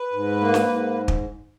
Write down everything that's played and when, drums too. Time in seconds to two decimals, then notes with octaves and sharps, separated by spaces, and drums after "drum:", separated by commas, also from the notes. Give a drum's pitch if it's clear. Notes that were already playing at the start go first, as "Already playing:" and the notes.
Already playing: B4
0.13 G#2
0.40 A#3
0.54 drum: snare
0.68 G#2
1.08 drum: kick